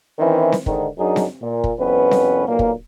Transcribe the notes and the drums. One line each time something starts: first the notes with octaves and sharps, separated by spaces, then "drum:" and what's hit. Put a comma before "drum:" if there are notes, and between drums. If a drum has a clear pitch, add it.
D#3 E3 C4 C#4 E4
drum: snare C4
G#2 D3 D#3, drum: kick
F#2 F#3 D4 D#4 G#4
drum: snare C4
A#2
drum: kick
C2 F2 B3 C#4 B4
drum: snare C4
B1 A#2 A#3
drum: kick